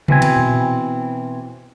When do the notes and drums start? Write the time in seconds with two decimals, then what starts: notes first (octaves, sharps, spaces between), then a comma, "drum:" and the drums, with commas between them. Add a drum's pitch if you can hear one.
0.08 B2 E3 C4 G#5, drum: tom C3
0.22 drum: cymbal
0.36 drum: tom A#2